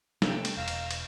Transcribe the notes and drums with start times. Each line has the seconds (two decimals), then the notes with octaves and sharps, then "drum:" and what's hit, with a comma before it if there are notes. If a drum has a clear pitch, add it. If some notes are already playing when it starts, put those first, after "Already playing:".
0.22 C3 A3 B3 A4 G5, drum: snare
0.45 drum: cymbal
0.57 E1 F5 A#5 E6
0.68 drum: cymbal
0.91 drum: cymbal